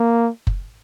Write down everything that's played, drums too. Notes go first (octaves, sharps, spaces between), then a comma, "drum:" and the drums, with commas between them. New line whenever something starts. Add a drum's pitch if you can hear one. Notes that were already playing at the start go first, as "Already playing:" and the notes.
Already playing: A#3
drum: kick F#1